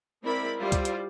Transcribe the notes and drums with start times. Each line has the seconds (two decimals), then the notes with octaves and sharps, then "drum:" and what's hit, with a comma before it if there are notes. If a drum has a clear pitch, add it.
0.24 G#3 C4 E4 A#4 D5 B5
0.59 G3 E4 F4 C5 D5
0.72 drum: kick C#2, hi-hat
0.85 drum: hi-hat